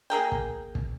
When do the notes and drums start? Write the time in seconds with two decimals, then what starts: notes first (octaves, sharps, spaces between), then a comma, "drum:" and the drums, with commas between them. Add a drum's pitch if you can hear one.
0.10 A#3 G#4 A#4 G5
0.32 drum: kick
0.75 drum: kick